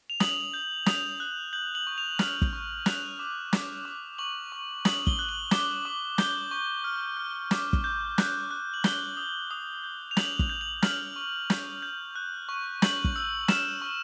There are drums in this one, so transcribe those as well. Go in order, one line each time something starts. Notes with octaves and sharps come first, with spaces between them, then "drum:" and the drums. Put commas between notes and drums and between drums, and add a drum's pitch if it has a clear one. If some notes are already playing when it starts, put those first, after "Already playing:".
F7
D#6 F#7, drum: snare
G6
D#6 F7, drum: snare
F#6
G6 F#7
F#7
C#6
F7
F6, drum: snare
drum: kick
C#6
F#6 F7, drum: snare
D6
D6, drum: snare
D6
C#6 F#7
C#6
D#6 F#7, drum: snare
G7, drum: kick
F#6
F#7
D6 G7, drum: snare
D6
G6 G7, drum: snare
C#6
F6
F6
D6, drum: snare
drum: kick
G6
F#6, drum: snare
F#6
F#7
G6 G7, drum: snare
D#6
D#6
G6
F7
G6 F#7, drum: snare
F7, drum: kick
G6
F#7
F6 F#7, drum: snare
C#6
G6, drum: snare
G6
F#6
C#6
G6 F#7, drum: snare
drum: kick
E6
F6 E7, drum: snare
C#6